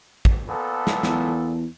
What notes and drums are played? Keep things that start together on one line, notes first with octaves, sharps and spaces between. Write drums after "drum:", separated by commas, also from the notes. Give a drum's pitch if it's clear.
drum: kick
A#2 B3 A4
drum: snare
E2, drum: snare